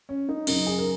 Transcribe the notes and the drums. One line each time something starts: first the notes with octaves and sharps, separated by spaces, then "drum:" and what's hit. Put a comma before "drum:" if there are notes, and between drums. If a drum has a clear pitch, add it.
C#4
D#4
F#2 C#3 D#4, drum: cymbal
G#4
A#4